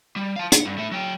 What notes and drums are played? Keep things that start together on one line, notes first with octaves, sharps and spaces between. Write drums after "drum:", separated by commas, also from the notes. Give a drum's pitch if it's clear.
G3
F5 A5
F#5, drum: hi-hat
G2
A3 E4
F#3 G5